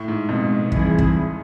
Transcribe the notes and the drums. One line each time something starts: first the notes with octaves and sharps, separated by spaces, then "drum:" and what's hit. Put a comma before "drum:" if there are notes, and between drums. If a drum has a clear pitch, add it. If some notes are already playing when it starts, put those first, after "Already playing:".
Already playing: A2
G#2
F2 B2 G#3 C4
E3 G3 C4 E4 G#4, drum: kick
drum: kick